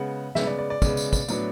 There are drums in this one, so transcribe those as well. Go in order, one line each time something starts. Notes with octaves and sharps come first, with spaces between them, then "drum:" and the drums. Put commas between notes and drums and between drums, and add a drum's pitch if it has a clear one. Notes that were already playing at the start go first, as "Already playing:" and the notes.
Already playing: C#3 G#3 B3 F#5
C#3 G#3 B3 E5, drum: snare
D5
D5
D5
C#3 G#3 B3, drum: kick, tambourine
drum: tambourine
drum: kick, tambourine
A2 F#3 B3 D4, drum: tambourine